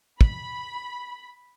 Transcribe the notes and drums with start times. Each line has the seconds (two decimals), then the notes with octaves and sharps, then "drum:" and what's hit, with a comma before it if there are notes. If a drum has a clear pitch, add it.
0.21 B5, drum: kick